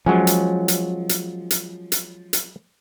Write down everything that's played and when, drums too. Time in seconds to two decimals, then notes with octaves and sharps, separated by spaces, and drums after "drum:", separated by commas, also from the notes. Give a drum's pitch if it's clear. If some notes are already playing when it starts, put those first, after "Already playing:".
0.06 F3 F#3 G#3 C#4
0.27 drum: hi-hat
0.68 drum: hi-hat
1.09 drum: hi-hat
1.51 drum: hi-hat
1.92 drum: hi-hat
2.33 drum: hi-hat